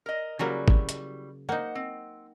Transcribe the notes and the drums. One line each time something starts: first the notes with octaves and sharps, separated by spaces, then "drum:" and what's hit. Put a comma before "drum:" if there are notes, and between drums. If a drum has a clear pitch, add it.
A#4 D#5
C#3 F#3 G3 A#3 E4 F#4
drum: kick
drum: hi-hat
A#3 D#4 C5 F#5
C4